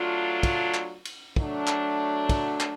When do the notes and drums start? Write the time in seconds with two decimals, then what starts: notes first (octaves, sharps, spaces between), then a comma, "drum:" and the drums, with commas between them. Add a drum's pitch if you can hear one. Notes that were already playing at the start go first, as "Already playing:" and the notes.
Already playing: F#3 A3 D4 F4
0.43 drum: kick, cymbal
0.74 drum: clap
1.05 drum: cymbal
1.36 F#3 A3 D4, drum: kick
1.67 drum: clap
2.29 drum: kick, cymbal
2.60 drum: clap